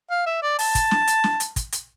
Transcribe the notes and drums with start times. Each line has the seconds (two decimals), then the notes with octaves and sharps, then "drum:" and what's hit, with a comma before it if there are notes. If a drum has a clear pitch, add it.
0.10 F5
0.26 E5
0.42 D5
0.59 A5, drum: open hi-hat
0.75 drum: kick, hi-hat
0.91 drum: snare
1.07 drum: hi-hat
1.24 drum: snare
1.40 drum: hi-hat
1.56 drum: kick, hi-hat
1.72 drum: hi-hat